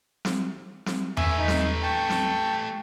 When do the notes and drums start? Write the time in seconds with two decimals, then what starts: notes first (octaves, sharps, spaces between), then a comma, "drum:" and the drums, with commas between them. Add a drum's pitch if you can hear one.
0.25 drum: snare
0.86 drum: snare
1.17 A3 B4 E5 G#5, drum: tom E2
1.38 D#4
1.48 drum: snare
1.83 G5 A5 C#6
2.10 drum: snare